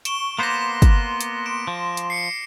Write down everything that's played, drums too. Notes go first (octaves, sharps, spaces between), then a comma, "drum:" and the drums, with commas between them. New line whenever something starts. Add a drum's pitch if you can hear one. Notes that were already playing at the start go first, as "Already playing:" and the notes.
C#6 D7 E7 G7, drum: hi-hat
A#3 B3 C5 C6 D6 A#6
drum: kick, hi-hat
drum: hi-hat
D7 E7
F3
drum: hi-hat
C7 C#7